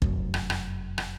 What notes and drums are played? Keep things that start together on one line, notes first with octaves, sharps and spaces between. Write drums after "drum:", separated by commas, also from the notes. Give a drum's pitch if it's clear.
F1 F#2, drum: kick
drum: rim click
drum: rim click
drum: rim click